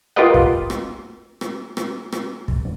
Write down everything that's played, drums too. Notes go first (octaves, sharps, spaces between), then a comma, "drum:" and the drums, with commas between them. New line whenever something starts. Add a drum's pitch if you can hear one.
F4 G4 A#4 B4 D#5 F#5
drum: kick
drum: rim click
drum: rim click
drum: rim click
drum: rim click
drum: kick